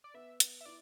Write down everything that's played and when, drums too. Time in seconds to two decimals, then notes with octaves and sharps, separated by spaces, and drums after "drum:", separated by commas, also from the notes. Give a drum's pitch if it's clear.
0.04 D5
0.14 B3 E5
0.40 B3, drum: hi-hat
0.61 E5
0.66 E4 D5